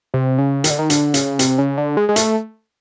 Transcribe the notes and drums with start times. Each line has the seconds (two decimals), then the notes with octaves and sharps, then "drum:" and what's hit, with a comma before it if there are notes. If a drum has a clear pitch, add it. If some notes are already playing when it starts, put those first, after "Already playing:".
0.14 C3
0.38 C#3
0.64 D#3, drum: hi-hat
0.71 D3
0.79 D#3
0.90 D3, drum: hi-hat
1.14 C#3, drum: hi-hat
1.39 C3, drum: hi-hat
1.58 C#3
1.78 D3
1.97 G#3
2.09 G#3
2.16 A3, drum: hi-hat